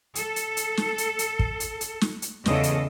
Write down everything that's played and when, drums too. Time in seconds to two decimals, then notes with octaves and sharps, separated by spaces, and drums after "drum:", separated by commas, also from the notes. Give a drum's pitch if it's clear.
0.15 A4, drum: hi-hat
0.36 drum: hi-hat
0.57 drum: hi-hat
0.77 drum: snare
0.98 drum: hi-hat
1.19 drum: hi-hat
1.39 drum: kick
1.60 drum: hi-hat
1.81 drum: hi-hat
2.01 drum: snare
2.22 drum: hi-hat
2.46 E2 C#3 A4 D#5, drum: snare
2.63 drum: hi-hat